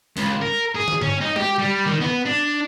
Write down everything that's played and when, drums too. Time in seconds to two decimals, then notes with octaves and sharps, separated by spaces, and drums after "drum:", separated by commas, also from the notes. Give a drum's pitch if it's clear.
0.17 C#2, drum: open hi-hat
0.42 A#4
0.75 G#4
0.88 drum: tom
1.02 C#4, drum: tom G2
1.21 D#4
1.36 G4, drum: tom G#3
1.59 G3
1.86 D#3
2.01 B3
2.26 D4